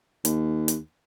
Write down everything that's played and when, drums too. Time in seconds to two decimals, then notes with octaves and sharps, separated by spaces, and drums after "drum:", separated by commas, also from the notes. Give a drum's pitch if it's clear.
0.25 D#2, drum: hi-hat
0.68 drum: hi-hat